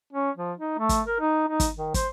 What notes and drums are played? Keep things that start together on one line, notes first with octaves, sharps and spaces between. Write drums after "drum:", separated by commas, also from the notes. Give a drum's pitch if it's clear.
C#4
F3
D#4
A3
drum: kick, hi-hat
A#4
D#4
D#4
drum: kick, hi-hat
D#3
C5, drum: kick, hi-hat